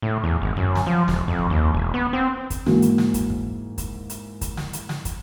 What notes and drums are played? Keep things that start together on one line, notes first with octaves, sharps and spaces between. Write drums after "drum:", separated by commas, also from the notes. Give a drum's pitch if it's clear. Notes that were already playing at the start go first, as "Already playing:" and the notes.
A2
E2
G#1
F#2, drum: kick
drum: snare
F3
E1, drum: snare
F2
drum: kick
D#2
E1
B3
C4
drum: kick, hi-hat
G#2 E3 A#3 F#4, drum: snare
drum: hi-hat
drum: snare
drum: kick, hi-hat
drum: kick
drum: kick, hi-hat
drum: hi-hat
drum: kick, hi-hat
drum: snare
drum: hi-hat
drum: snare
drum: kick, hi-hat